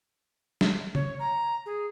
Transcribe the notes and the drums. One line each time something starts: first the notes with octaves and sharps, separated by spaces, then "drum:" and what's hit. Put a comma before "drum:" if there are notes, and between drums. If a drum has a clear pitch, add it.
drum: snare F#3
C#5, drum: tom
A#5
G#4